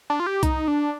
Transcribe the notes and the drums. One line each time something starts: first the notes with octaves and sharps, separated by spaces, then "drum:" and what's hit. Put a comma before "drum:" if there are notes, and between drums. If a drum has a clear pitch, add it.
D4
F4
G4
D#4, drum: kick C2, hi-hat
D4